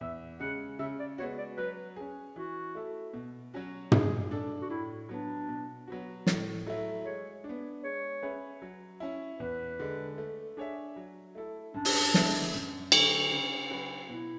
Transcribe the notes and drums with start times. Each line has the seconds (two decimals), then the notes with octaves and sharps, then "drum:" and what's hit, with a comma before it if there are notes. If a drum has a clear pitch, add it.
0.01 E2 E5
0.40 C#3 G#3 F#5
0.79 C#3 E5
0.99 D5
1.18 G#3 B3 F#4 C#5
1.38 D5
1.57 F#3 B4
1.96 C#4 G#4
2.36 E3 F#4
2.75 A3 E4 A4
3.13 B2
3.54 F#3 C#4 F#4
3.92 G#3 G#4, drum: tom
4.31 D4 A4
4.61 F#4
4.70 A2 E4
5.09 F#3 B3 D4
5.48 B2
5.87 F#3 B3 F#4
6.27 A2, drum: snare
6.67 F#3 A3 E4
7.05 G#3 C#5
7.44 D4
7.49 B3
7.83 G#3 C#5
8.22 C#4 G#4 B4 E5
8.62 F#3
9.00 C#4 E4
9.39 E2 B4
9.80 D3 G#3
10.18 A3
10.57 D4 G#4 C#5 E5
10.96 F#3
11.35 A3 E4 A4
11.74 F#2 D4
11.85 drum: open hi-hat
12.14 D3 G#3 B3 E4, drum: snare
12.53 F#2
12.92 D3 F#3 A3, drum: cymbal
13.31 C#3
13.70 F#3 C#4 F#4 B4
14.09 B2 E4